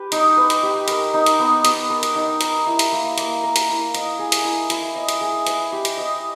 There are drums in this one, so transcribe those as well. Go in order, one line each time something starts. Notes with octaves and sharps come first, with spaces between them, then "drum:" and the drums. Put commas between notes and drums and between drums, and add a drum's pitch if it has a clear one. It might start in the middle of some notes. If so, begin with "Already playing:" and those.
Already playing: G4 B4
D#4, drum: hi-hat
B4
drum: hi-hat
G4
A#4, drum: hi-hat
D#4
drum: hi-hat
B3
B3, drum: hi-hat
A#4
drum: hi-hat
D#4
A#4, drum: hi-hat
E4
drum: hi-hat
A#3
A#3, drum: hi-hat
A#4
drum: hi-hat
E4
D#5, drum: hi-hat
G#4
drum: hi-hat
E4
E4, drum: hi-hat
D#5
drum: hi-hat
G#4
B4, drum: hi-hat
G4
drum: hi-hat
D#5